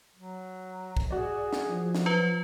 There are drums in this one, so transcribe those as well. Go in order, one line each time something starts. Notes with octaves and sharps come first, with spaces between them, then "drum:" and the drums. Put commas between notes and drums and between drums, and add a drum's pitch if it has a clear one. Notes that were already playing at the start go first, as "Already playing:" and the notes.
F#3
drum: kick
F#4 G#4 D5
drum: snare
F3
drum: snare
F#3 F4 B4